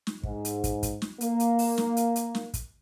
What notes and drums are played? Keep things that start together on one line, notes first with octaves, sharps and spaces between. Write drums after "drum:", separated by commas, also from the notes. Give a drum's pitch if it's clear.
drum: snare
G#2, drum: kick
drum: hi-hat
drum: kick, hi-hat
drum: kick, hi-hat
drum: snare
A#3, drum: hi-hat
drum: hi-hat
drum: open hi-hat
drum: snare
drum: hi-hat
drum: hi-hat
drum: snare
drum: kick, hi-hat